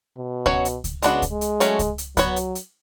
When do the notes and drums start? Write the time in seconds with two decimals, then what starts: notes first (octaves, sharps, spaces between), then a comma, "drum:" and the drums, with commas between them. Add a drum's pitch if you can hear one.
0.18 B2
0.46 F#3 C#4 F#4 C#5, drum: kick C#2
0.65 drum: hi-hat
0.84 drum: kick C#2, hi-hat
1.02 C#3 G#3 B3 D4 F#4, drum: hi-hat
1.22 drum: kick C#2, hi-hat
1.31 G#3
1.41 drum: hi-hat
1.60 F#3 A3 C#4, drum: hi-hat
1.79 drum: kick C#2, hi-hat
1.98 drum: hi-hat
2.17 F#3 B3 F#4 C#5, drum: kick C#2, hi-hat
2.36 drum: hi-hat
2.55 drum: hi-hat